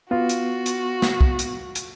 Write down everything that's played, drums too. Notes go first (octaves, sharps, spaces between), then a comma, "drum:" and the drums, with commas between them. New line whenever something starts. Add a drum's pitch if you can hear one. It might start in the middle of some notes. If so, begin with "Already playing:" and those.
B3 F4 F#4
drum: hi-hat
drum: hi-hat
drum: snare
drum: kick
drum: hi-hat
drum: hi-hat